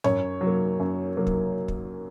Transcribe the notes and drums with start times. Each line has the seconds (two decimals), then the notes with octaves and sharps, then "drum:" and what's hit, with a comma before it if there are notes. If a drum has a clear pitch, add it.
0.04 F#2 C#5, drum: tom G#2
0.41 F#3
0.46 A#3
0.80 F#2
1.17 F#3 A#3
1.27 drum: kick
1.68 drum: kick